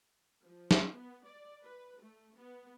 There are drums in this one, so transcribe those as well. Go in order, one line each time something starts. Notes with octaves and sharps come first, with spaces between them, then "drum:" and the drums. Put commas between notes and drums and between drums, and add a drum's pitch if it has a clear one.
F3
drum: snare
B3
D5
B4
A3
B3